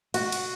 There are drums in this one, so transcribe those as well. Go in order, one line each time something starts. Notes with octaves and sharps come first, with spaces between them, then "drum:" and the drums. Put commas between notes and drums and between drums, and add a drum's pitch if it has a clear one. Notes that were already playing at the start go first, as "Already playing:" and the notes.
F#4, drum: cymbal
drum: cymbal